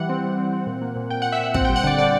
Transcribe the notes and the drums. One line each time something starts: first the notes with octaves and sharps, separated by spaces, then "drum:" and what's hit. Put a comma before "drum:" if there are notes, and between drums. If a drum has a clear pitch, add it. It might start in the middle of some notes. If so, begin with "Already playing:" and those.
Already playing: E3 G3 F#5
C4
G3
C4
C4
A#2
A#3
A#2
A#2 G5
A#2 F#5
E5
A#2 F#5
C4 F#5, drum: kick
G3 G5
F#5
D3 D5
D3 D5